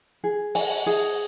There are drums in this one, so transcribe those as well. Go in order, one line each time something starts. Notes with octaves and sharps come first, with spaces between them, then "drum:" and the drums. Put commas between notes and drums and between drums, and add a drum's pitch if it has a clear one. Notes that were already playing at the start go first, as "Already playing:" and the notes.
G#4
G#5, drum: open hi-hat
G#4